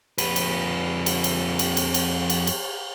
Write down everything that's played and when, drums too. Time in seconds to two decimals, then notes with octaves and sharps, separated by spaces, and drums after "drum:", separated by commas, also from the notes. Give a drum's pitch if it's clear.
0.18 F2 B4, drum: cymbal
0.36 drum: cymbal
1.06 drum: cymbal
1.24 drum: cymbal
1.59 drum: cymbal
1.77 drum: cymbal
1.94 drum: cymbal
2.30 drum: cymbal
2.47 drum: cymbal